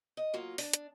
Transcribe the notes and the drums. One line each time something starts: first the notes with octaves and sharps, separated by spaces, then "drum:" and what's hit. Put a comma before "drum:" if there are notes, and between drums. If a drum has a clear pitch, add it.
D#5
F#3 A#3 F4
D4, drum: open hi-hat
drum: hi-hat